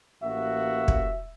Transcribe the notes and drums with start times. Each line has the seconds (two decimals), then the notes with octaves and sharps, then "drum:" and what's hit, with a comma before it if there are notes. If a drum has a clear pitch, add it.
0.23 A1 A#3 F#4 E5
0.88 drum: kick